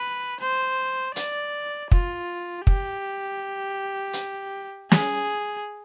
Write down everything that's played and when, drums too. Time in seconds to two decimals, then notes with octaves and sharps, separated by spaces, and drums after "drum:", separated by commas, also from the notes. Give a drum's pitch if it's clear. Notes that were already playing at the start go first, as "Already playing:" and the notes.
Already playing: B4
0.41 C5
1.16 D5, drum: hi-hat
1.92 F4, drum: kick
2.67 G4, drum: kick
4.13 drum: hi-hat
4.92 G#4, drum: snare